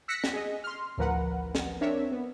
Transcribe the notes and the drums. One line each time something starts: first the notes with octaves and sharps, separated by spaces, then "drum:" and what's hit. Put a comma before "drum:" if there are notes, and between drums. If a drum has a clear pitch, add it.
E6 F#6 A#6 B6 C#7
drum: snare
G#4 D#5
C6 F6
A1 D2 F3 A#4 B4 F#5
drum: snare
C4 D4 A#4 C#5 E5
B3